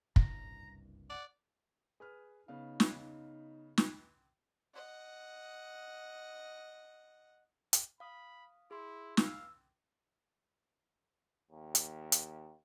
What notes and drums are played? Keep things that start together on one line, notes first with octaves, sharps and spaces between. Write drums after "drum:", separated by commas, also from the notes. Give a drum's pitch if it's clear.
F#1 C2 G2 A#5, drum: kick
D5 F#5
G#4 B4 F6
C#3 B3 D#4 F5
drum: snare
drum: snare
D#5 F#5
drum: hi-hat
F5 B5 D#6
E4 G#4 C6
F5 E6, drum: snare
D#2
drum: hi-hat
drum: hi-hat